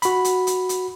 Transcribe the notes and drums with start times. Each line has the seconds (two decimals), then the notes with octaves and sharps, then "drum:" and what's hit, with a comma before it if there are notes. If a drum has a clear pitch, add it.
0.02 F#4 B5, drum: hi-hat
0.25 drum: hi-hat
0.47 drum: hi-hat
0.69 drum: hi-hat